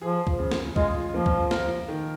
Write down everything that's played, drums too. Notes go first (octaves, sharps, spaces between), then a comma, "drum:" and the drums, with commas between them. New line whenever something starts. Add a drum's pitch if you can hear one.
F3 G#4
drum: kick C#2
C#3
drum: snare
G#3 F4, drum: kick C#2
F3 A#3
drum: kick C#2
A#4, drum: snare
D#3